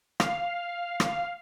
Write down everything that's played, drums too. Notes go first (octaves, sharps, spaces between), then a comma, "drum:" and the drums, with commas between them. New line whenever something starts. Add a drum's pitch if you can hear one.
F5, drum: rim click
drum: rim click